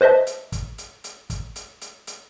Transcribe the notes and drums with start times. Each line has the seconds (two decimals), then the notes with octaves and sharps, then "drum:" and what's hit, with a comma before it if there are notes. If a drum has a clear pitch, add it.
0.01 B4 C5 D#5 E5 A5
0.27 drum: hi-hat
0.52 drum: kick, hi-hat
0.78 drum: hi-hat
1.04 drum: hi-hat
1.30 drum: kick, hi-hat
1.56 drum: hi-hat
1.81 drum: hi-hat
2.07 drum: hi-hat